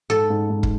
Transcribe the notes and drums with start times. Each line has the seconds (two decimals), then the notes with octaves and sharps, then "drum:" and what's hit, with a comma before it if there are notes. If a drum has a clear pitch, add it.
0.10 G#2 A4
0.30 G#2
0.50 G#2
0.63 drum: kick